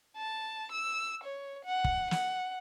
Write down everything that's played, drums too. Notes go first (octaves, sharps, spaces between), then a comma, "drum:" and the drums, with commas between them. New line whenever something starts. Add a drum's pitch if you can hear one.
A5
E6
C#5
F#5
drum: kick
F#5, drum: snare